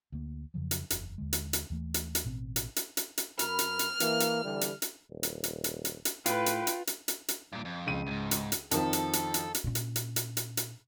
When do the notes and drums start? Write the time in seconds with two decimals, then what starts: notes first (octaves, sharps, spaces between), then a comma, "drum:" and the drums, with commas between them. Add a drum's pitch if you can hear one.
0.12 D2 A#3
0.54 F2 C#3 F3 F#3
0.71 drum: hi-hat
0.90 F#1 E2, drum: hi-hat
1.18 D#2 D3 G#3
1.33 drum: hi-hat
1.53 drum: hi-hat
1.70 D#2 E3 A3
1.94 drum: hi-hat
2.15 drum: hi-hat
2.24 A1 B2 C4
2.56 drum: hi-hat
2.76 drum: hi-hat
2.97 drum: hi-hat
3.18 drum: hi-hat
3.39 F#2 A#4 B5 F6, drum: hi-hat
3.59 drum: hi-hat
3.79 drum: hi-hat
4.00 E3 A#3, drum: hi-hat
4.20 drum: hi-hat
4.44 D3 E3 G3
4.61 drum: hi-hat
4.82 drum: hi-hat
5.10 D#1
5.23 drum: hi-hat
5.44 drum: hi-hat
5.64 drum: hi-hat
5.85 drum: hi-hat
6.05 drum: hi-hat
6.26 A2 F4 B4 G5, drum: hi-hat
6.46 drum: hi-hat
6.67 drum: hi-hat
6.87 drum: hi-hat
7.08 drum: hi-hat
7.28 drum: hi-hat
7.53 G2 A#2
7.65 F2
7.86 C#2 D#7
8.07 D2 G#2
8.31 drum: hi-hat
8.52 drum: hi-hat
8.71 F2 D#3 F3 A4, drum: hi-hat
8.93 drum: hi-hat
9.13 drum: hi-hat
9.34 drum: hi-hat
9.54 drum: hi-hat
9.64 A#2 C#4
9.75 drum: hi-hat
9.96 drum: hi-hat
10.16 drum: hi-hat
10.37 drum: hi-hat
10.57 drum: hi-hat